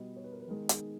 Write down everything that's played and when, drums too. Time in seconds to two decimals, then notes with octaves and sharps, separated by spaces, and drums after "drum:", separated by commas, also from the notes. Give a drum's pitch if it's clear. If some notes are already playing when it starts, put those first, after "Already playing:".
Already playing: B2 G3 B3 D#5
0.16 C#5
0.24 B4
0.32 A#4
0.39 B4
0.48 D#3 G#3 B3 A#4
0.69 G#4, drum: hi-hat